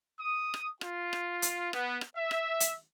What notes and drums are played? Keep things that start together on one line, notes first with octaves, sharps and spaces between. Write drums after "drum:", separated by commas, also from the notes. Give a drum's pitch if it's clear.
D#6
drum: rim click
F4, drum: rim click
drum: rim click
drum: hi-hat
B3, drum: rim click
drum: rim click
E5
drum: rim click
drum: hi-hat